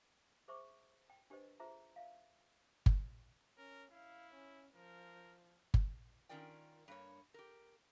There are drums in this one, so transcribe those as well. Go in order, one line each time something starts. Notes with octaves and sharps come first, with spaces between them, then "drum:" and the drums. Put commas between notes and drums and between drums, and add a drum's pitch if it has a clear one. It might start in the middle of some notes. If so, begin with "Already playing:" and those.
G#4 C5 E5 C#6 D6
G5
D4 G4 B4 C5 D#5
F4 G#4 C5 E5 A#5
E5 F5
drum: kick G1
C#4 A#4
E4 F5
C#4
F3 A#4
drum: kick G1
D#3 C#4 F4 A#4 D5 G5
G2 A#3 C#5
G4 A#4